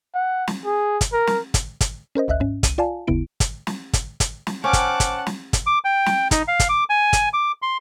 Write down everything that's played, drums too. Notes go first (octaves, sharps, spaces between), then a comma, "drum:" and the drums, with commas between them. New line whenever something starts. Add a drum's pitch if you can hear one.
F#5
drum: snare
G#4
drum: kick, hi-hat
A#4
drum: snare
drum: kick, hi-hat
drum: kick, hi-hat
C#4 A#4 C5 D#5
G#1 D2 D#5 E5 F#6
G#2 C#4
C2 D#7, drum: kick, hi-hat
F4 D5 F5 G#5 A5
G1 D#2 C#3 B3 E4 D7
drum: kick, hi-hat
drum: snare
drum: kick, hi-hat
drum: kick, hi-hat
drum: snare
C#4 C5 F#5 G5 A5 D6 F6
drum: kick, hi-hat
drum: kick, hi-hat
drum: snare
drum: kick, hi-hat
D6
G5
drum: snare
D#4, drum: kick, hi-hat
F5
drum: kick, hi-hat
D6
G#5
drum: kick, hi-hat
D6
C6